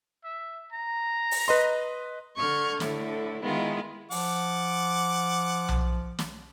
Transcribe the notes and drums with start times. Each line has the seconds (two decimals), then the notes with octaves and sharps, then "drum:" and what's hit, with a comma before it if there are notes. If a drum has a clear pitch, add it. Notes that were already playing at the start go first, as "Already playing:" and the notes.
0.24 E5
0.73 A#5
1.31 drum: open hi-hat
1.48 B4 D#5 C6
2.35 D3 C#6 F6 G6 G#6
2.80 A2 D3 E4, drum: snare
3.41 D#3 G#3 B3 E4 F4
4.11 F3 F#5 D6, drum: open hi-hat
5.69 drum: tom B1
6.19 drum: snare